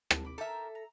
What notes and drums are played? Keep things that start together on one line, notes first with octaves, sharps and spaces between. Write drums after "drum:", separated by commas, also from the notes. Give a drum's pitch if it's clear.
D4, drum: rim click
B5 D6
D#4 G4 A4 A#4 E5
A#5